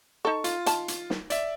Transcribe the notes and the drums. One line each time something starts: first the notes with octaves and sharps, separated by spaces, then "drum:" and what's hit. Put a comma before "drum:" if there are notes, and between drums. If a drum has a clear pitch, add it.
D#4 A4 C#6
F4, drum: hi-hat
D#3 A5, drum: hi-hat
drum: hi-hat
drum: snare
D5 E5, drum: hi-hat